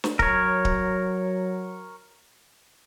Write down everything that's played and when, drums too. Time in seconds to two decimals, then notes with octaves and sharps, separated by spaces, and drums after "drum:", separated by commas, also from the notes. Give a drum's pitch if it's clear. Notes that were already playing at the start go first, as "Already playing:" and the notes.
0.04 drum: snare
0.19 F#3 A#4 C#5, drum: kick D1
0.65 drum: kick D1